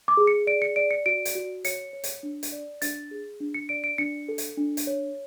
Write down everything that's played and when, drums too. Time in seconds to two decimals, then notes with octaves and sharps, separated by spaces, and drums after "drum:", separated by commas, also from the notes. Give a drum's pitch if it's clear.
0.08 D6
0.17 G#4
0.27 C#7
0.47 D5 D7
0.62 C#7
0.76 D5 D7
0.91 C#7
1.06 F#4 D7
1.25 drum: hi-hat
1.35 F#4
1.64 C#5 C#7, drum: hi-hat
1.93 C#5
2.04 drum: hi-hat
2.23 D4
2.43 drum: hi-hat
2.52 D5
2.82 D4 A6, drum: hi-hat
3.11 G#4
3.40 D4
3.54 C#7
3.69 D5 D7
3.84 D7
3.98 D4 C#7
4.29 A4
4.38 drum: hi-hat
4.57 D4
4.77 drum: hi-hat
4.87 C#5